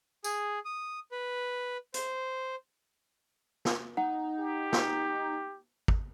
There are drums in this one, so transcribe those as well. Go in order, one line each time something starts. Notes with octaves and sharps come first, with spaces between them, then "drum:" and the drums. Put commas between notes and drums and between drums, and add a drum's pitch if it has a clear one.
G#4, drum: tambourine
D#6
B4
C5, drum: hi-hat
drum: snare
D#4 F#5
G4
drum: snare
drum: kick